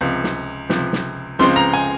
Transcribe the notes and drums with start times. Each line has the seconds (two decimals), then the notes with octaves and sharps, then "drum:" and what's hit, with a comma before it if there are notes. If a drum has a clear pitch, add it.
0.01 C#2 C3 F3
0.24 drum: snare
0.69 C#2 C3 F3, drum: snare
0.93 drum: snare
1.39 C#2 C#3 F3 G#3 C4 C6, drum: snare
1.56 A#5
1.74 G#5